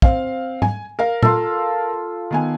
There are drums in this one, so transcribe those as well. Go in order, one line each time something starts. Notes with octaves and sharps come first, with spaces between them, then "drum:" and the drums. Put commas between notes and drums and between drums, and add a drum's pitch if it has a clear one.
C4 F5, drum: kick
G#5, drum: tom
A#4 F5
F4 A4, drum: tom A#2
D#3 B3 G#5